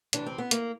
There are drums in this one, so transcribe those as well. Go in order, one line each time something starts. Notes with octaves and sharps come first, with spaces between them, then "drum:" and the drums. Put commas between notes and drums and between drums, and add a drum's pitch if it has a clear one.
D2 C3 E3 D4, drum: hi-hat
C4
B3
A#3, drum: hi-hat